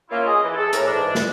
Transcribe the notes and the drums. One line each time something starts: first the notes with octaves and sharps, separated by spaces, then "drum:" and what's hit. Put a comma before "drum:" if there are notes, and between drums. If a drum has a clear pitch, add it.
A#3 C#4 E4 F4
G#4 D#5
E3
G#4 A4
A2 A#4, drum: hi-hat
G#2 E3 D4
drum: snare